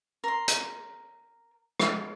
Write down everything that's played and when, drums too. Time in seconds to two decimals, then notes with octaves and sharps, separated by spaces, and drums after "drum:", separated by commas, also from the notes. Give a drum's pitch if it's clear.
0.24 A#4 C6
0.48 drum: hi-hat
1.80 drum: rim click